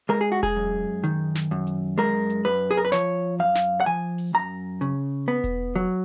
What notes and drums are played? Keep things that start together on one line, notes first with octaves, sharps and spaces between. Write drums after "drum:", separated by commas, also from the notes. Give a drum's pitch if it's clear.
G#3 A#4
G#4
F#4
G#4, drum: kick E1, hi-hat
F#2
D#3, drum: hi-hat
drum: snare
F#2
drum: hi-hat
G#3 A#4
drum: hi-hat
F#2 B4
G#4
A#4
B4
F3 C#5, drum: snare
F#2 F5
drum: snare
F#5
F3 G#5
drum: open hi-hat
F#2 A#5
C#3, drum: hi-hat
B3
drum: kick E1, hi-hat
F#3